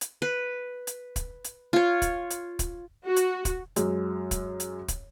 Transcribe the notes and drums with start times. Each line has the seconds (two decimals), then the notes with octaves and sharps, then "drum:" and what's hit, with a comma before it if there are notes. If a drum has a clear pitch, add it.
0.01 drum: hi-hat
0.22 B4
0.87 drum: hi-hat
1.16 drum: kick, hi-hat
1.44 drum: hi-hat
1.73 F4 C#5
2.02 drum: kick, hi-hat
2.30 drum: hi-hat
2.59 drum: kick, hi-hat
3.07 F#4
3.16 drum: hi-hat
3.45 drum: kick, hi-hat
3.76 F#2 F#3 G#3, drum: hi-hat
4.31 drum: kick, hi-hat
4.60 drum: hi-hat
4.88 drum: kick, hi-hat